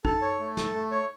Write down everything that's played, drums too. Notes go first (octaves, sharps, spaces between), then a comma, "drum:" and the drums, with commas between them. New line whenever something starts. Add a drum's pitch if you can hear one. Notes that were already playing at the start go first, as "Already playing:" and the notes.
D#4 A4, drum: kick A1
C#5
A3
A4, drum: snare
A3
C#5